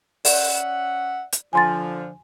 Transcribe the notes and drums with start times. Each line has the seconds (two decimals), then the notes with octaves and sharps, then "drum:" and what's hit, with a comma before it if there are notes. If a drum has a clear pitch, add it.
0.25 C#4 D5 E5 F#5, drum: open hi-hat
1.33 drum: hi-hat
1.53 D3 F3 G#5 C6 A6